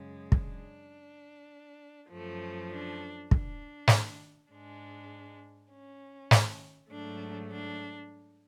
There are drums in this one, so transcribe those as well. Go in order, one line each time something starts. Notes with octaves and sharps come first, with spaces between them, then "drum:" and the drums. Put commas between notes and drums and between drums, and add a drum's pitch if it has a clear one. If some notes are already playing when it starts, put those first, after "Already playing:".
Already playing: F#2 C#3 G#3
D4, drum: kick
F#2 F3 A3
D4
D4, drum: kick
drum: snare
G#2 G#3 D4
C#4
drum: snare
G#2 F#3 A3 D4
D4